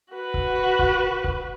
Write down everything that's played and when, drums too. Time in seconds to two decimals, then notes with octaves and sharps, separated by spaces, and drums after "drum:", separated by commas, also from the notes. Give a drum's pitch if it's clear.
0.11 F#4 B4
0.34 drum: kick C#1
0.79 drum: kick C#1
1.24 drum: kick C#1